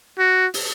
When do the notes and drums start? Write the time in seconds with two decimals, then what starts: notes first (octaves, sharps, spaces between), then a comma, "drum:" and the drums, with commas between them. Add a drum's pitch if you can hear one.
0.19 F#4
0.54 drum: open hi-hat